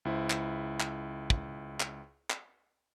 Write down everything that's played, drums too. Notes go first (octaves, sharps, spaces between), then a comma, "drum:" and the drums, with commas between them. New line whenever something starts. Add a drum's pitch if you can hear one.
C#2 E4 C5
drum: clap
drum: clap
drum: kick
drum: clap
drum: clap